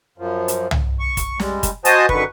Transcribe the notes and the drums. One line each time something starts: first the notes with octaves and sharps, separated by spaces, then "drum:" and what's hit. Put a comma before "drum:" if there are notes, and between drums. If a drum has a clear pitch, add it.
F#2 F3
drum: hi-hat
drum: tom C2
C#6
drum: kick, hi-hat
G3 G#3, drum: snare
drum: kick, hi-hat
F#4 C5 D#5 G#5 A5 D#6, drum: hi-hat
F#2 D3 D#3 B4 C#6, drum: kick